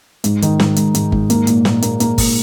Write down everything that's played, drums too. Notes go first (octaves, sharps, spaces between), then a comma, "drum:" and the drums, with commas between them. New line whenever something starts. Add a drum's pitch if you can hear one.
G#2, drum: hi-hat
D#3, drum: hi-hat
G#2, drum: snare
G#2, drum: hi-hat
G#2, drum: hi-hat
G#2, drum: kick G1
A#3, drum: hi-hat
A#2, drum: hi-hat
A#2, drum: snare
A#3, drum: hi-hat
A#3, drum: hi-hat
A#2, drum: kick G1, open hi-hat